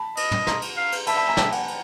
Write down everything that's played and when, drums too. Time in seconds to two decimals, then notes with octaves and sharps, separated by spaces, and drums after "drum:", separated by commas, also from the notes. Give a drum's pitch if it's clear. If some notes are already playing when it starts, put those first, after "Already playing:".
Already playing: A5 B5
0.17 D#5, drum: cymbal
0.31 drum: tom
0.47 A#5 C6, drum: snare
0.62 drum: cymbal
0.77 F5
0.92 drum: cymbal
1.07 E5 A5 B5, drum: cymbal
1.17 A5 B5
1.28 G#5 A#5
1.37 G5 A5, drum: snare
1.52 F#5 G#5, drum: cymbal
1.68 drum: cymbal